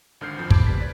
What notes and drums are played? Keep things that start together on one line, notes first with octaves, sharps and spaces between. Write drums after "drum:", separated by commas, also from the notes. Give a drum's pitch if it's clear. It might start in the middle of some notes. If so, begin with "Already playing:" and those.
G#1 D3 F6 G6 C7
F2 F3 G6
A5 B5 D6 G#6 D7, drum: kick
G3 C4 B4 B6
B4 D5 G#6